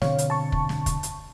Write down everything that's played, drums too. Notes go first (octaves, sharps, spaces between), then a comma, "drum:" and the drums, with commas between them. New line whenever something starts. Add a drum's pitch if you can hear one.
B2 D3 C4 C#5 F5, drum: snare
drum: hi-hat
A5 C#6
drum: kick
drum: snare
drum: kick, hi-hat
drum: hi-hat